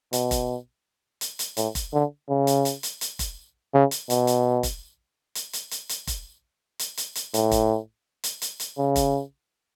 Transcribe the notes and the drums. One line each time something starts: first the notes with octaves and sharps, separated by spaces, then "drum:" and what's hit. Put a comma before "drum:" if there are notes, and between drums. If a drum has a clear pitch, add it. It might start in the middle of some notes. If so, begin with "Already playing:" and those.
B2, drum: hi-hat
drum: kick F1, hi-hat
drum: hi-hat
drum: hi-hat
A2, drum: hi-hat
drum: kick F1, hi-hat
D3
C#3
drum: hi-hat
drum: hi-hat
drum: hi-hat
drum: hi-hat
drum: kick F1, hi-hat
C#3
drum: hi-hat
B2, drum: hi-hat
drum: hi-hat
drum: kick F1, hi-hat
drum: hi-hat
drum: hi-hat
drum: hi-hat
drum: hi-hat
drum: kick F1, hi-hat
drum: hi-hat
drum: hi-hat
drum: hi-hat
A2, drum: hi-hat
drum: kick F1, hi-hat
drum: hi-hat
drum: hi-hat
drum: hi-hat
C#3
drum: kick F1, hi-hat